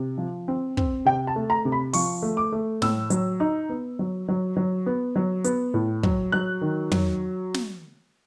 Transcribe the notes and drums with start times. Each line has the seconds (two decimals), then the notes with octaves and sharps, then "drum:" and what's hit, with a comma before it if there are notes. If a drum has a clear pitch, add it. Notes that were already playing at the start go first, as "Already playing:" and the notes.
Already playing: C3
0.18 F3
0.48 C4
0.77 C4, drum: kick
1.05 C3 G5
1.27 A5
1.36 A3
1.50 A#5
1.65 C3
1.72 B5
1.93 F3 C#6, drum: open hi-hat
2.22 A3
2.37 D6
2.52 A3
2.82 A2 E6, drum: snare
3.10 F#3, drum: hi-hat
3.40 D#4
3.69 B3
3.99 F#3
4.28 F#3
4.57 F#3
4.86 B3
5.16 F#3
5.44 B3, drum: hi-hat
5.74 A2
6.03 F#3, drum: kick
6.32 F#3 F#6
6.61 D#3
6.92 F#3, drum: tom
7.54 drum: snare